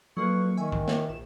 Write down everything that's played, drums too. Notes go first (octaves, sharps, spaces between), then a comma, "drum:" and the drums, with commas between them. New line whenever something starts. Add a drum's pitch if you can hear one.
F2 F#3 A#3 B4 C#6
D#3 E5 G#5 C#6
drum: kick
drum: snare
A#1 E7